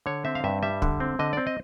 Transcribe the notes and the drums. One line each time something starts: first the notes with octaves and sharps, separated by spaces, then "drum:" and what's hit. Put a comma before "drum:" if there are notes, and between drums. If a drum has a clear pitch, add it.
D3 C#5
C4 E5
F5
G2 E5
G3 E5
D3, drum: kick
C4
D3 D#5
C4 D5
D#5